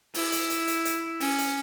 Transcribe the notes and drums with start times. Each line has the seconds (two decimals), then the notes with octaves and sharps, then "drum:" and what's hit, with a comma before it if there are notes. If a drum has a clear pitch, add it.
0.14 E4, drum: open hi-hat
0.32 drum: hi-hat
0.50 drum: hi-hat
0.68 drum: hi-hat
0.85 drum: hi-hat
1.20 C#4, drum: open hi-hat
1.38 drum: hi-hat